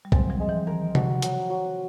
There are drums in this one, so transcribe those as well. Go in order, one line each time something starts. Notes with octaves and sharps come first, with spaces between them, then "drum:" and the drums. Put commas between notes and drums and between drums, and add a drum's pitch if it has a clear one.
G3
F#3 G#3 C4, drum: kick
F3 G3
G#3
E3 F#3
D#3 F3 A#4
F#4, drum: tom C3
F#3, drum: hi-hat
F#3